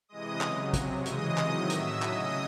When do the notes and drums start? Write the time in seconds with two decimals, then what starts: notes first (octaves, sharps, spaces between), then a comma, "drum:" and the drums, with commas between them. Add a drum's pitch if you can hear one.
0.09 C3 E3 G#3 D#5 D#6
0.41 C#3 F#3, drum: clap
0.73 C3 F#3, drum: kick, hi-hat
1.05 C#3 E3 G#3 D#5 D#6, drum: hi-hat
1.38 C3 D#3 F#3, drum: clap
1.70 A2 F#3 E5 E6, drum: hi-hat
2.02 C#3 F#3 D#5 D#6, drum: clap